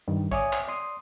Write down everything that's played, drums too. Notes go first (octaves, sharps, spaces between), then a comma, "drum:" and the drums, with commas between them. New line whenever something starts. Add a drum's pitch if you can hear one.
G2 D#3 G3
C#5 D5 E5 G#5 D6 D#6, drum: kick A#1
drum: clap
D5 C6 D#6